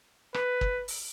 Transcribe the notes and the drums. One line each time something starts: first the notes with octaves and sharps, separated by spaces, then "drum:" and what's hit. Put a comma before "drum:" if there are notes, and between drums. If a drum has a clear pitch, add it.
B4, drum: rim click
drum: kick
drum: open hi-hat